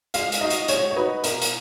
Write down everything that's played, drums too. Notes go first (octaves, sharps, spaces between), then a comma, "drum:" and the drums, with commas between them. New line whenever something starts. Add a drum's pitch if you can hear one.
G#3 F5, drum: hi-hat
drum: hi-hat
D#4 F#4 D#5
drum: hi-hat
G#3 C#5, drum: hi-hat
C#5
D#4 F#4 B4
B2 A#4, drum: hi-hat
drum: hi-hat